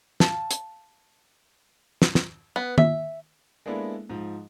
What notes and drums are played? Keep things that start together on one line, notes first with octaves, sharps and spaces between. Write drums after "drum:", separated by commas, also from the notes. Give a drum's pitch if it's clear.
F5 A5, drum: snare
drum: hi-hat
drum: snare
drum: snare
B3
E5, drum: tom D#3
G#3 A#3 B3 D4 E4 A4
G#2 F3